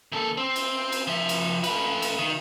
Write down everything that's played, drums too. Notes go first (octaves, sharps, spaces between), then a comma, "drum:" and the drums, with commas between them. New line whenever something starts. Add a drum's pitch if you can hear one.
D#2 A4
C4
drum: cymbal
drum: cymbal
F3 E5
drum: cymbal
A3 B4, drum: cymbal
drum: cymbal
D#3